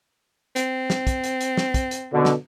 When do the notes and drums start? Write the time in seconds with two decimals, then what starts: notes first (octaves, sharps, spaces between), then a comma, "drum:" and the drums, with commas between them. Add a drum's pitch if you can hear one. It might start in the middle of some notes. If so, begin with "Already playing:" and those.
0.56 C4, drum: hi-hat
0.90 drum: snare
1.07 drum: kick, hi-hat
1.24 drum: hi-hat
1.41 drum: hi-hat
1.57 drum: snare
1.74 drum: kick, hi-hat
1.91 drum: hi-hat
2.13 B2 D3
2.25 drum: snare